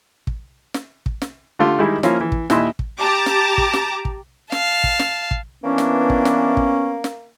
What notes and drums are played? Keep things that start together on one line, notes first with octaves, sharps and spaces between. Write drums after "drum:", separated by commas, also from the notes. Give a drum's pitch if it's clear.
drum: kick
drum: snare
drum: kick
drum: snare
D3 A3 F4 G4
D#3 G3 G#3 E4
F3 A#3 C#4 E4 F4, drum: snare
E3
drum: kick
D#2 A#2 E4 D#5 E5 C6, drum: snare
drum: kick
G4 A5 A#5 D6
drum: snare
drum: kick
drum: snare
drum: kick
F5 A5, drum: snare
drum: kick
drum: snare
drum: kick
E3 A#3 B3 C#4 D4
drum: snare
drum: kick
drum: snare
drum: kick
drum: snare